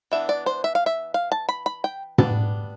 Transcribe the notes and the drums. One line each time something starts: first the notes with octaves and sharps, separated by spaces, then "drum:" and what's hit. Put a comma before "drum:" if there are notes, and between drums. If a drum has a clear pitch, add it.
E3 B3 D4 E5
D5
C5
E5
F5
E5
F5
A5
B5
B5
G5
G3 B3 D4 A5, drum: tom